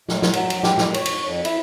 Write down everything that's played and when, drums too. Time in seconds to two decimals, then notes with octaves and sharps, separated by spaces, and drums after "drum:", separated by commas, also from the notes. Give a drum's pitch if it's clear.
0.09 A2, drum: snare
0.22 drum: snare
0.33 F#3, drum: cymbal
0.50 drum: cymbal
0.63 G4, drum: snare
0.78 drum: snare
0.94 C#5, drum: cymbal
1.05 drum: cymbal
1.25 F2
1.45 E4, drum: cymbal